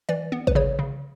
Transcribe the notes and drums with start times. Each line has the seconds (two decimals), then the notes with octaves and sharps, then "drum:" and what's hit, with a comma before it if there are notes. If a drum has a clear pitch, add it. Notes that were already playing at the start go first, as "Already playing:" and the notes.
0.09 E3 D5
0.32 B3
0.47 B4, drum: kick A1
0.55 C#3 C#5
0.79 C#3